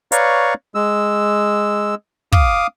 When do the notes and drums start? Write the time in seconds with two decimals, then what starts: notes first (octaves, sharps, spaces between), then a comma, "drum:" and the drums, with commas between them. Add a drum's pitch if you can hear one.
0.12 B4 C#5 D5 F5 A#5 C#6, drum: hi-hat
0.75 G#3 E6
2.32 F5 D6 D#6, drum: kick